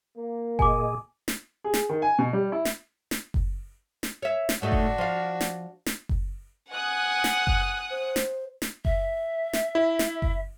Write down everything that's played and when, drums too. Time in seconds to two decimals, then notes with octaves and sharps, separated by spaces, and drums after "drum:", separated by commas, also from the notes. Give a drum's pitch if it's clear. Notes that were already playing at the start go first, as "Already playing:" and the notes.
0.17 A#3
0.59 A#2 G#4 D#5 G#5 D6, drum: kick F#1
1.28 drum: snare
1.64 G#4
1.74 drum: snare
1.89 D#3
2.02 G#5
2.19 B2
2.33 G3
2.52 E4
2.65 drum: snare
3.11 drum: snare
3.34 drum: kick F#1
4.03 drum: snare
4.22 C#5 E5
4.49 drum: snare
4.62 A2 A3 D4 D#4 F#4
4.72 drum: kick F#1
4.98 F3 F5
5.41 drum: snare
5.86 drum: snare
6.09 drum: kick F#1
6.72 F#5 G#5 D#6 F#6
7.24 drum: snare
7.47 drum: kick F#1
7.91 C5
8.16 drum: snare
8.62 drum: snare
8.85 E5, drum: kick F#1
9.53 drum: snare
9.75 E4
9.99 drum: snare
10.22 drum: kick F#1